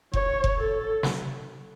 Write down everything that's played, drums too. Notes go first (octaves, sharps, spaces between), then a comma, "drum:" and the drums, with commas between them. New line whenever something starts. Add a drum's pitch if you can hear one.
C#5, drum: kick F1
drum: kick F1
A4
drum: snare